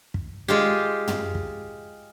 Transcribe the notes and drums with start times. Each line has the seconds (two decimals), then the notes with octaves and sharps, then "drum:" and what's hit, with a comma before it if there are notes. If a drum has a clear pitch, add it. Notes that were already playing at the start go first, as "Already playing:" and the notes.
0.14 drum: kick
0.48 G#3 F4 G4
1.08 drum: tom
1.35 drum: kick